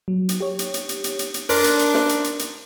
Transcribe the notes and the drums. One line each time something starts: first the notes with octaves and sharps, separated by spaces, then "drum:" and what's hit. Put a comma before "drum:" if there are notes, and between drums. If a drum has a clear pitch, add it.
F#3
drum: hi-hat
G4 C#5
drum: hi-hat
drum: hi-hat
drum: hi-hat
drum: hi-hat
drum: hi-hat
drum: hi-hat
D4 A#4 C6 F#6, drum: open hi-hat
drum: hi-hat
drum: hi-hat
drum: snare
drum: hi-hat
drum: hi-hat
drum: hi-hat